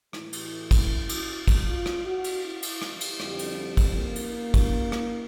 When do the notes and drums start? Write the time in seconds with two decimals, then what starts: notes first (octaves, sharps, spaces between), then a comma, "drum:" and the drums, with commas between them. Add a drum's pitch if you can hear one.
0.13 A2 E3 A3 E4, drum: rim click
0.33 drum: cymbal
0.71 drum: kick, cymbal
1.09 drum: cymbal
1.48 drum: kick, cymbal
1.67 F4
1.86 drum: rim click
2.05 F#4
2.24 drum: cymbal
2.43 E4
2.62 drum: cymbal
2.82 drum: rim click
3.01 drum: cymbal
3.20 F2 D3 G3, drum: rim click
3.39 drum: cymbal
3.77 drum: kick, cymbal
3.96 A#3
4.16 drum: cymbal
4.54 drum: kick, cymbal
4.92 drum: rim click